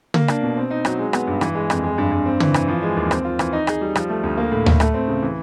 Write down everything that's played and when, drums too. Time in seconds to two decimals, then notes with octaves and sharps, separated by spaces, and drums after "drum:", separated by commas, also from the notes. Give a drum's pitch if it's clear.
0.14 A#3, drum: tom
0.28 D4, drum: rim click
0.42 B2
0.57 C4
0.70 D#4
0.85 F#3, drum: rim click
0.99 G#3
1.13 B3, drum: rim click
1.27 G2
1.41 E3, drum: rim click
1.55 G#3
1.70 F2, drum: rim click
1.84 G#3
1.98 G2
2.12 G2
2.26 C4
2.40 E3, drum: tom
2.54 E3, drum: rim click
2.68 F3
2.83 G#3
2.97 D#2
3.11 C4, drum: rim click
3.24 F4
3.39 E3, drum: rim click
3.53 D#4
3.67 G#4, drum: rim click
3.81 G3
3.95 F3, drum: rim click
4.09 A3
4.23 D2
4.38 A#3
4.52 A2
4.66 A2, drum: tom D2
4.80 A3, drum: rim click
4.94 C4
5.08 C#3
5.23 E3